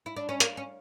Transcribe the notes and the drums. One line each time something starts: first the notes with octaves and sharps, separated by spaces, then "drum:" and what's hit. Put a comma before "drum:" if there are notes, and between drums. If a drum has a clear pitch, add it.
E4
D4
C#4
A#3, drum: hi-hat
C#4